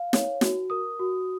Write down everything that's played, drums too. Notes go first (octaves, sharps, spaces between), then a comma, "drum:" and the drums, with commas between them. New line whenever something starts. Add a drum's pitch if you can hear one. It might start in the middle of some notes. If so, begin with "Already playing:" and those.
Already playing: F5
C#5, drum: snare
F#4, drum: snare
A#4 D#6
F#4